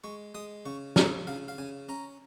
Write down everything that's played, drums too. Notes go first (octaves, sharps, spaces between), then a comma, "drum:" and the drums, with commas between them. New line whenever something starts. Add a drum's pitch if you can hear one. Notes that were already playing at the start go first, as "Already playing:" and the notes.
G#3 C#6
G#3 D#6
C#3 C#6
C#3 A#5, drum: snare
C#3 F5
F5
C#3 G#5
C#4 A#5